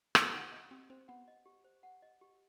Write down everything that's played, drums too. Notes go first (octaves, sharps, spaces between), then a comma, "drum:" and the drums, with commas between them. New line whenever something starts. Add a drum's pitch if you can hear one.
D#4 C5, drum: rim click
D#4 F#5
D#5
C4 G4
C4 C5
B3 F#5
D#5
G4
C5
F#5
D#5
G4